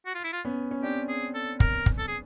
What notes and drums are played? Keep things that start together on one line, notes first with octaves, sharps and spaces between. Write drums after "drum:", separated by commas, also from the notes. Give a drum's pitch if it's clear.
F#4
F4
E4
F4
B3 C#4
C#4
C4 D4 G4
G#4
A4
A#4, drum: kick
drum: kick
A4
G#4